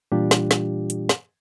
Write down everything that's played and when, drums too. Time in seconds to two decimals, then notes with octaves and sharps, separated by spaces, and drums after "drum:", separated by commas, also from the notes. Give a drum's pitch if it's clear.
0.12 A#2 E3 G3 D4 F4 G4
0.31 drum: snare
0.51 drum: snare
0.90 drum: hi-hat
1.09 drum: snare